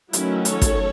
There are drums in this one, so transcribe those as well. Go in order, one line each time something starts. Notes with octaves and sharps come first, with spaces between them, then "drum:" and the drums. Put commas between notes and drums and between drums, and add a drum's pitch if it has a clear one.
D#3 F#3 A3 C#4 E4, drum: hi-hat
A4 C#5, drum: hi-hat
drum: kick, hi-hat